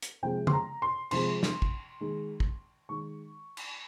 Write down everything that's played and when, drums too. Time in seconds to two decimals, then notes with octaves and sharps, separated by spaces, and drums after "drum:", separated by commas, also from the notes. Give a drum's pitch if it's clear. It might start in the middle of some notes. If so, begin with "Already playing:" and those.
0.02 drum: hi-hat
0.23 C3 F3 G#3 G5
0.47 C6, drum: tom
0.53 A#5
0.82 C6
1.11 C3 F3 G#3 C6, drum: cymbal
1.43 drum: snare
1.62 drum: kick
2.01 D#3 G#3
2.40 drum: kick
2.89 D#3 G#3 C#6
3.57 drum: cymbal